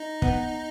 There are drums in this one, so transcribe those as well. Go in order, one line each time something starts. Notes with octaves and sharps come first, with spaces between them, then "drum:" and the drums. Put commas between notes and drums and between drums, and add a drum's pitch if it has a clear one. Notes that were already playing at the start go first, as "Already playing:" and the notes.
Already playing: D#4
B3, drum: kick